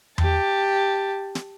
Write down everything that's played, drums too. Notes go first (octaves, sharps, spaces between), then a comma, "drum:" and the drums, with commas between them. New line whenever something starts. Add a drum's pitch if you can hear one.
G4 A5, drum: tom E2
drum: snare